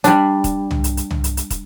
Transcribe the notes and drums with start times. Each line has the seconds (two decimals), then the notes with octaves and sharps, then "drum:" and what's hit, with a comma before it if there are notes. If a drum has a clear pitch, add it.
0.04 G3 D4, drum: hi-hat
0.44 drum: kick, hi-hat
0.71 drum: tom C2
0.84 drum: hi-hat
0.97 drum: hi-hat
1.11 drum: tom C2
1.24 drum: hi-hat
1.37 drum: hi-hat
1.50 drum: kick, hi-hat